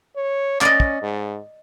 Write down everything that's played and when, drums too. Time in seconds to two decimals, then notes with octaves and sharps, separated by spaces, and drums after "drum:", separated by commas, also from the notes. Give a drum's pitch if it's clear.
0.16 C#5
0.61 C#4 D5 D#5, drum: clap
0.80 drum: kick
1.02 G#2